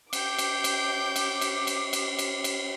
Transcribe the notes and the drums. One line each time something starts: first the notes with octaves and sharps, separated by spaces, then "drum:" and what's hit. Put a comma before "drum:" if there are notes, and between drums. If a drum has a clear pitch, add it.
G5 D6 G6, drum: cymbal
drum: cymbal
drum: cymbal
drum: cymbal
drum: cymbal
drum: cymbal
drum: cymbal
drum: cymbal
drum: cymbal